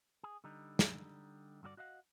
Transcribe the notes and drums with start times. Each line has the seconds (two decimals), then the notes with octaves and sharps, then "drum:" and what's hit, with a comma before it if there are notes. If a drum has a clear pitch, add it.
0.23 G#4
0.44 D3 G3 D#4
0.79 drum: snare
1.63 G2 D3 F#4 A4 D5
1.77 F#4 D#5 F5 F#5